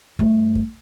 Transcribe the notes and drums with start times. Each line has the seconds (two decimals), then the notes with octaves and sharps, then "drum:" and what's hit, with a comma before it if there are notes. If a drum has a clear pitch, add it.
0.19 G2 A3, drum: kick
0.55 drum: kick